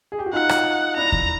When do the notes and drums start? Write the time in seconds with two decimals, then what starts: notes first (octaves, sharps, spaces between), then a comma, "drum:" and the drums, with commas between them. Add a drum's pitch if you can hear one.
0.12 G#4
0.19 G4
0.26 F#4
0.33 D#4 F4 F#5
0.49 drum: rim click
0.97 D4 E4 A#5
1.12 drum: kick D#2